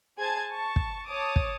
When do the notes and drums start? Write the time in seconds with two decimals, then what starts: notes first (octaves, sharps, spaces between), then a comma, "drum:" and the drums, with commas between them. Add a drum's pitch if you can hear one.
0.18 G#4 C5 G#5 A5 G#6
0.51 A5 C#6
0.76 drum: kick
1.06 C#5 A5 D6 D#6
1.36 drum: kick